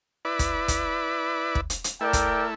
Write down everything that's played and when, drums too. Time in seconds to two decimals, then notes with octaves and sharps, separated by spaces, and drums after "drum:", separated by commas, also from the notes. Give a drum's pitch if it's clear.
0.25 E4 B4 D5
0.39 drum: kick, hi-hat
0.68 drum: kick, hi-hat
1.55 drum: kick
1.70 drum: hi-hat
1.84 drum: hi-hat
2.01 A3 E4 A#4 D5 G5
2.13 drum: kick, hi-hat